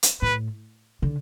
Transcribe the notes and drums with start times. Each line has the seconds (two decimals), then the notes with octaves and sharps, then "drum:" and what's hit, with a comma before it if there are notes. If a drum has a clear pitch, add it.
0.03 drum: hi-hat
0.22 A2 B4
1.02 D3